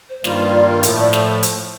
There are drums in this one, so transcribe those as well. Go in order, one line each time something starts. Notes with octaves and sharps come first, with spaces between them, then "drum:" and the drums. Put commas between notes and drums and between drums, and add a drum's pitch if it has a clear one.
C5
G2 D#3 G3 A#3 F4, drum: snare
D5
A#4
A2 F3 A3 A4, drum: hi-hat
D5
drum: snare
drum: hi-hat